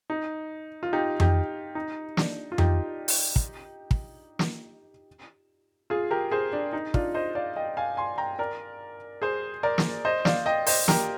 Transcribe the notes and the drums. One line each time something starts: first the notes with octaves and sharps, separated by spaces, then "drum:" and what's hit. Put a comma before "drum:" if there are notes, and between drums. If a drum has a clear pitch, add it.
D#4
F4
D#4 G4
D#4 G4, drum: tom F2
D#4
D4, drum: snare
F4
D#4 G4, drum: tom F2
drum: open hi-hat
drum: kick
drum: kick
drum: snare
F4 G#4
G4 A#4
G#4 C5
D4
D#4
D4 F4, drum: kick
C5 D#5
D5 F5
D#5 G5
F5 G#5
G#5 C6
G5 A#5
A#4 D5
G#4 C5
A#4 D5
drum: snare
C5 D#5
D5 F5, drum: snare
D#5 G5
C5 D#5, drum: open hi-hat
G4 A#4, drum: snare